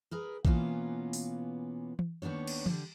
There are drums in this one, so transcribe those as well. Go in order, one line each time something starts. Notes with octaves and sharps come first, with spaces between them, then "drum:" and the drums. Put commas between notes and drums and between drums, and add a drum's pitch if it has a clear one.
G#4 A#4 B4
B2 E3 A#3 B3 C#4 F4, drum: kick A#1
drum: open hi-hat
drum: tom E3
D#2 D#3 B3 D4 C#5
drum: cymbal
D3 G3, drum: tom E3